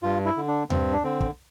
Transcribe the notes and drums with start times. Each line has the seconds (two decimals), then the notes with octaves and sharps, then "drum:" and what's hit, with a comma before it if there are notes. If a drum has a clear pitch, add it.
0.03 G2 F4
0.25 E4
0.37 D3
0.48 D4
0.70 G2 C4, drum: tom D#2
0.93 D4
1.04 D3 C4
1.21 drum: kick